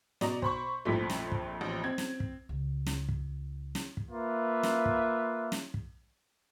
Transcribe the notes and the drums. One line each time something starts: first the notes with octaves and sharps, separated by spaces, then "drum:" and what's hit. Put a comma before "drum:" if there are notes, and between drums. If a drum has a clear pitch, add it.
B2 D5 D#5 A#5, drum: snare
C5 B5 C#6, drum: kick
A#1 F2 A#2 A3 B6
drum: snare
drum: kick
A1
C4 G#6
drum: snare
drum: kick
C#2
drum: snare
drum: kick
drum: snare
drum: kick
A#3 F4 B4 E5
drum: snare
drum: kick
drum: snare
drum: kick